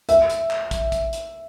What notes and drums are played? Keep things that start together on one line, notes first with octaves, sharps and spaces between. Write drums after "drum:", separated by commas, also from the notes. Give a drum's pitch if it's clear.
E5, drum: hi-hat
drum: hi-hat
drum: clap
drum: kick, hi-hat
drum: kick, hi-hat
drum: hi-hat